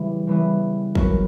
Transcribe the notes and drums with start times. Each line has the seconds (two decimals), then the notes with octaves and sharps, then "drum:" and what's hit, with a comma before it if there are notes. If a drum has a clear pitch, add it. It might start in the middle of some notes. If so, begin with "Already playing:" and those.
Already playing: C#3 E3 G3
0.27 C#3 E3 G3 B3
0.95 C#3 F#3 B3 F#4 A#4, drum: kick